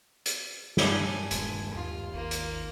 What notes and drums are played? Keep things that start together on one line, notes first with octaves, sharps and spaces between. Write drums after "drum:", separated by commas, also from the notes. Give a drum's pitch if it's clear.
drum: hi-hat
G2 D4 G#5, drum: snare
D#1 G#3, drum: hi-hat
D#2 F4
G#1 A#3 F4
drum: hi-hat